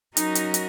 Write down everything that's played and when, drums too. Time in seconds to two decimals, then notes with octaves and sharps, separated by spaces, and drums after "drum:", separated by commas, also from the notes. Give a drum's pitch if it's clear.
0.17 F#3 C#4 D#4 F#4 A#4 D#5, drum: hi-hat
0.35 drum: hi-hat
0.54 drum: hi-hat